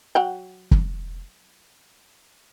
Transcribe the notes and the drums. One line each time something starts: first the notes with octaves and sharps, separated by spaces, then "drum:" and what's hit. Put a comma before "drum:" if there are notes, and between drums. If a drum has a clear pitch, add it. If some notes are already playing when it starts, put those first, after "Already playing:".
F#3 F#5 G5
drum: kick